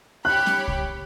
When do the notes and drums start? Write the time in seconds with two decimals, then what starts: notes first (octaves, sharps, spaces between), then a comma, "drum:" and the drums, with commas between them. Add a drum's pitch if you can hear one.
0.25 G4 C#5 B5 F#6
0.46 drum: snare C#4
0.68 drum: kick C2